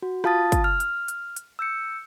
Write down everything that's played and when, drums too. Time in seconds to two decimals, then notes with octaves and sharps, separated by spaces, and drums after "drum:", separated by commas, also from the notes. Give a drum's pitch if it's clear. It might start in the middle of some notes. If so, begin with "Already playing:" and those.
0.02 F#4
0.24 F4 F5 A5 D#6 A6, drum: rim click
0.52 drum: kick, hi-hat
0.64 F6
0.80 drum: hi-hat
1.08 drum: hi-hat
1.36 drum: hi-hat
1.59 E6 G6 C#7